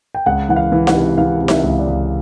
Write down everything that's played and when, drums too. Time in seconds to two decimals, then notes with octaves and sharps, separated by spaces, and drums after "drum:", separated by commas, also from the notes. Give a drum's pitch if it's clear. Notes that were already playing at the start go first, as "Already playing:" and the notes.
0.15 G5
0.26 C#2 F#5
0.49 E3 F#5
0.56 F5
0.72 E3
0.87 F#5, drum: snare D#4
0.95 C3
1.18 E3 F5
1.41 C3
1.48 E5, drum: snare D#4
1.63 C#2
1.79 D5
1.87 C#2